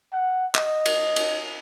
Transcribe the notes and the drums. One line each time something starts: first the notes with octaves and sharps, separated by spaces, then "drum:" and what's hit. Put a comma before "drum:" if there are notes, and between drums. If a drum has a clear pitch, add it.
F#5
D#5, drum: clap
drum: cymbal
drum: cymbal